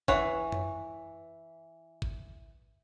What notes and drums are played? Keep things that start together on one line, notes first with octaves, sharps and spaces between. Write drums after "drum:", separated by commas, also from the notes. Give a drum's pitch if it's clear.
E3 C#5 F#5, drum: kick
drum: tom F#2
drum: kick